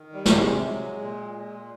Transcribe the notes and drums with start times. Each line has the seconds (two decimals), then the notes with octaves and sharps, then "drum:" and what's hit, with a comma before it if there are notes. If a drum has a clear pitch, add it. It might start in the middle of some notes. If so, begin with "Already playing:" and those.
Already playing: D#3
0.13 G3
0.25 C3, drum: snare
0.37 G#3
0.61 F#3
0.97 A#2
1.34 A#2